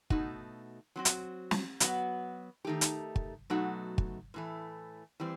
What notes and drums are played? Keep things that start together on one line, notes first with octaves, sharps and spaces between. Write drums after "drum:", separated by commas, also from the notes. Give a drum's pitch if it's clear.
B2 A3 D#4 F#4, drum: kick
F#3 C4 F#4
drum: hi-hat
drum: snare
F#3 B3 F#4, drum: hi-hat
D#3 A3 D#4 G4
drum: hi-hat
drum: kick
B2 F#3 A3 D#4 F#4
drum: kick
A2 E3 A3
E3 G3 C4